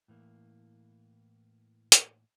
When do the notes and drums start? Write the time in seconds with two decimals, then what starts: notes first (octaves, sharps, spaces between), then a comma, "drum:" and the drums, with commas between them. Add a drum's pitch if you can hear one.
0.08 A2 E3 A#3
1.92 drum: hi-hat